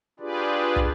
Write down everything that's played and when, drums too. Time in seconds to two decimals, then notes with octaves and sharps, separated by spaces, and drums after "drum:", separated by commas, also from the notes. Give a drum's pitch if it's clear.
0.20 D4 F4 G4 G#4 B4 D5
0.76 drum: kick